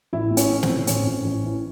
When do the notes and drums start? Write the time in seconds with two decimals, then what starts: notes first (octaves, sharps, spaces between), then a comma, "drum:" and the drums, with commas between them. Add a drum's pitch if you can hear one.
0.13 A1 E4
0.31 A2
0.37 C#4, drum: hi-hat
0.50 E3
0.63 C4, drum: snare
0.69 A2
0.87 A1 C#4, drum: hi-hat
1.06 A1
1.25 A1
1.44 E3